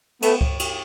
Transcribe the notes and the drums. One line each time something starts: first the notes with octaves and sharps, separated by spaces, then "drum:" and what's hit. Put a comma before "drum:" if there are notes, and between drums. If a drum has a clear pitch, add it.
A3 B3, drum: cymbal
drum: kick C#2
drum: cymbal